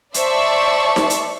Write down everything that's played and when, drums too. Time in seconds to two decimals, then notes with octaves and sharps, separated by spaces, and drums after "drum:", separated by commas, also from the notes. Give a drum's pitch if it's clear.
0.14 C5 D5 E5 A5 C#6, drum: hi-hat
0.96 drum: snare D#4
1.10 drum: hi-hat